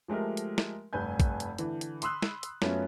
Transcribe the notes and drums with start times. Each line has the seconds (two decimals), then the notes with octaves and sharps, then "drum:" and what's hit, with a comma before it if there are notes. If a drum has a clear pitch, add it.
0.08 F3 G#3 A3 G4 A#4
0.37 drum: hi-hat
0.58 drum: snare
0.93 F1 G2 B4 G#5 G6
1.20 drum: kick A#1, hi-hat
1.40 drum: hi-hat
1.58 D3 E3, drum: hi-hat
1.81 drum: hi-hat
2.02 B5 C6 D#6 E6 F#6, drum: hi-hat
2.22 drum: snare
2.43 drum: hi-hat
2.62 F#2 F#3 A3 B3 C#4 F4, drum: snare